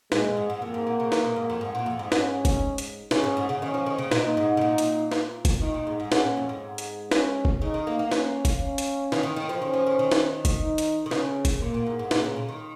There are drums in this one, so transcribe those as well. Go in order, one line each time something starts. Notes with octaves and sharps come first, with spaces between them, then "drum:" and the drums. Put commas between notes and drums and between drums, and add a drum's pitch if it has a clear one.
A#2 G#3, drum: snare
F2
G#2
G#2
F2 A#3
G#2
A#2
C#3
D#3, drum: snare
A#2
G#2
F2
G#2
A#2
F2
G#2
C#4, drum: snare
drum: kick, hi-hat
drum: hi-hat
C#3 C#4, drum: snare
G#2
G#2
C#3
D#3 C#4
F3
D#3
C#3
A#2 D#4, drum: snare
G#2
C#3
A#2
drum: hi-hat
drum: snare
drum: kick, hi-hat
D#3 D#4
A#2
G#2
G#2
C#3 C#4, drum: snare
A#2
F2
G#2
drum: hi-hat
C#4, drum: snare
drum: kick
C#3 D#4
D#3
A#3
A#3
C#4, drum: snare
drum: kick, hi-hat
C#4
drum: hi-hat
D#3, drum: snare
D#3
D#3
F3
D#3 C#4
F3
D#3
D#3
drum: snare
drum: kick, hi-hat
D#4
drum: hi-hat
D#3
C#3 C#4, drum: snare
drum: kick, hi-hat
A#2 A#3
A#2
G#2
G#2
A#2 C#3, drum: snare
A#2
A#2
D#3